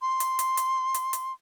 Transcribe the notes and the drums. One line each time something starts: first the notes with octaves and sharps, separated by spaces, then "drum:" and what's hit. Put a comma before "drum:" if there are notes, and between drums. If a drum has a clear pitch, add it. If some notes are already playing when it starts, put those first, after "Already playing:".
C6
drum: hi-hat
drum: hi-hat
drum: hi-hat
drum: hi-hat
drum: hi-hat